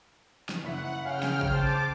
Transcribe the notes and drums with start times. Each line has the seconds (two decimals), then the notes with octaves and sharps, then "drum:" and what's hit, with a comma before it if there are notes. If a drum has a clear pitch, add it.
0.49 drum: snare
0.63 F#1 E4 F#5 B6
1.04 C#3 C#5 F5 G5 G#5 F6
1.23 drum: snare
1.41 drum: kick G#1
1.52 C5 A5 D6